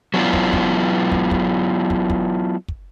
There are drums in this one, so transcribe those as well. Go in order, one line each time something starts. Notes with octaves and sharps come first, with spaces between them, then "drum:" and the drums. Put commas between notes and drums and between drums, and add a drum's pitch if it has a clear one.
F#3 A3 B3 D4 E4 F4
drum: kick
drum: kick
drum: kick
drum: kick
drum: kick
drum: kick
drum: kick